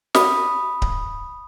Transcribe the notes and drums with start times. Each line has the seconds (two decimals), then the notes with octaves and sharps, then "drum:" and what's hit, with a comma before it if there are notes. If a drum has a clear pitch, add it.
0.15 B5 D#6, drum: snare
0.82 drum: kick D1